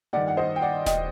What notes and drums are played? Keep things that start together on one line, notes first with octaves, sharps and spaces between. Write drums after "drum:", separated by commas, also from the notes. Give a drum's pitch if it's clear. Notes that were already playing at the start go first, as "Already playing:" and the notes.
G2 D#3 D5 F#5
F#5
C5 D#5
G5
D5 F#5
D#5 G5, drum: snare D#1